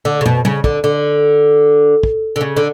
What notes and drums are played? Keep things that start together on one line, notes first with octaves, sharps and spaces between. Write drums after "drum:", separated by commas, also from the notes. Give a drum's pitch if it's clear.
D3
C#3
B2, drum: tom
C#3, drum: tom
D3, drum: kick
D3
drum: kick
D3
C#3
D3